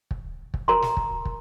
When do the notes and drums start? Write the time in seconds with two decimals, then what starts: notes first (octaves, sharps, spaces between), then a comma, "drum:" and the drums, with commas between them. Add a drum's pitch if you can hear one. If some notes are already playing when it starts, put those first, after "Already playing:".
0.11 drum: kick
0.54 drum: kick
0.68 A#4 A#5 C6
0.82 drum: snare
0.97 drum: kick
1.25 drum: kick